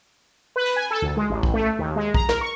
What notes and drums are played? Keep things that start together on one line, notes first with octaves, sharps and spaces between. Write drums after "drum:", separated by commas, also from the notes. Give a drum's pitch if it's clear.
B4
drum: cymbal
G#5
A4
D2
G#3
A1
drum: kick
A3
D#2
G#3
A#5, drum: kick
A#4, drum: snare
C#6